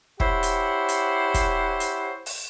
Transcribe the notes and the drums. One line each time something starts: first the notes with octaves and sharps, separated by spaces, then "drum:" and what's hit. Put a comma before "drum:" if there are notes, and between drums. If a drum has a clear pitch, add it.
E4 G4 C5 C#5 F#5, drum: kick
drum: hi-hat
drum: hi-hat
drum: kick, hi-hat
drum: hi-hat
drum: open hi-hat